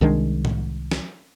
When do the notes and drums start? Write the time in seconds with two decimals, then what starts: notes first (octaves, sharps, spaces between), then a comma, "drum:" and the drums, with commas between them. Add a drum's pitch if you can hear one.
0.01 C2 D#3 G#3 D4
0.45 drum: tom A2
0.91 drum: snare